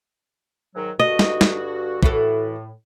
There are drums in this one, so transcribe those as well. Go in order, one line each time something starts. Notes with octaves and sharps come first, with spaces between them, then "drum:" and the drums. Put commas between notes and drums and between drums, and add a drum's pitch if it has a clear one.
G#2 D#3 F#3
G2 D3 F#4 D#5
drum: snare
drum: snare
A2 E3 F#4 A4, drum: kick